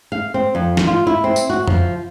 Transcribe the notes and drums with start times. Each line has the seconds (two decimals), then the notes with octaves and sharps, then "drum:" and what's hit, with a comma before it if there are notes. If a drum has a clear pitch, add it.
0.12 F5
0.34 C4
0.55 F2
0.77 drum: snare
0.87 F4
1.07 E4
1.24 C4
1.36 drum: tambourine
1.50 F#4
1.68 F3, drum: tom F2